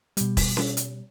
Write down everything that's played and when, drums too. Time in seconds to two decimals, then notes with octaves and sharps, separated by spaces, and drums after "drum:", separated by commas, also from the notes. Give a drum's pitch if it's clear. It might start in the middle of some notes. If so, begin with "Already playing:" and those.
0.17 B2 G3, drum: hi-hat
0.37 drum: kick E1, open hi-hat
0.57 drum: snare C#4
0.77 drum: hi-hat